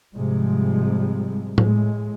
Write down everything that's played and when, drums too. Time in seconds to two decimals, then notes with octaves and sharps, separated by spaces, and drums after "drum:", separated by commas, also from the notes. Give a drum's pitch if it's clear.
0.15 G#2 C3 F3 G3 G#3
1.58 A2 G#3, drum: tom A2